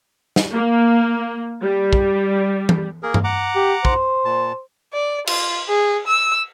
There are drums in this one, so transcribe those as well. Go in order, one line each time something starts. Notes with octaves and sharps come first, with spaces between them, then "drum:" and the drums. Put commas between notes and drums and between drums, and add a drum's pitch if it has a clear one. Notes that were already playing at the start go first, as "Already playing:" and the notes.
drum: snare
A#3
G3
drum: kick
drum: tom E3
A#3 G#4 A#4
drum: tom G2
F#5 A#5 D6
G4
C5, drum: kick
A#2 A5
D5
F4, drum: cymbal
G#4
E6